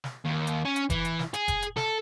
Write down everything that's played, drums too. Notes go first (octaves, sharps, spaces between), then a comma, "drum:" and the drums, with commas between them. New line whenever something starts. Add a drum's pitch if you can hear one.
drum: snare
D#2
drum: hi-hat
C#4
drum: hi-hat
E3, drum: kick F1, hi-hat
drum: hi-hat
drum: snare
G#4, drum: hi-hat
drum: kick F1, hi-hat
drum: hi-hat
A4, drum: snare